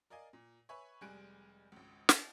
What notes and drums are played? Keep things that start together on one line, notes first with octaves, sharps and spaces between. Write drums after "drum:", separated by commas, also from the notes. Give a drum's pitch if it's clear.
A#4 D5 D#5 F5 G#5
A#2
B4 C#5 E5 G#5 B5 C#6
F1 G3 G#3 G#5 F#6 D7
G#1 C#2
drum: snare